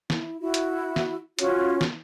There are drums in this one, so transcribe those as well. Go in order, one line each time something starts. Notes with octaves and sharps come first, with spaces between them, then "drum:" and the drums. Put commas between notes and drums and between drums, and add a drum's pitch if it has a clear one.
E4, drum: snare
E4 F#4
drum: hi-hat
drum: snare
C#4 F4 F#4 C#5, drum: hi-hat
drum: snare